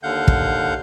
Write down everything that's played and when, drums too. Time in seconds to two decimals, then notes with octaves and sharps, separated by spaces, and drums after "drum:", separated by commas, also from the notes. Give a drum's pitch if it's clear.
0.03 D#2 D3 F5 F#5 G6
0.28 drum: kick